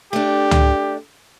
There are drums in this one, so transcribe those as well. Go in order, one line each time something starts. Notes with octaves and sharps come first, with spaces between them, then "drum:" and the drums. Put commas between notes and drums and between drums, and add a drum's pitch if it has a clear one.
A3 D4 G4
drum: tom